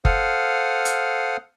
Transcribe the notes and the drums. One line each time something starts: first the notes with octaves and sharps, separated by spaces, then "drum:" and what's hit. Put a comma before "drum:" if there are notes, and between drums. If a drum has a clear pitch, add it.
A4 C5 F5 F#5 D#6 F6, drum: kick F#1
drum: hi-hat